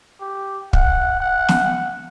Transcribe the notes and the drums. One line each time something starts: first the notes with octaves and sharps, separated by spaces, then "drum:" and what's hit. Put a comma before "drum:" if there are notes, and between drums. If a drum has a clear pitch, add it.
G4
F#5, drum: kick
F#5
drum: snare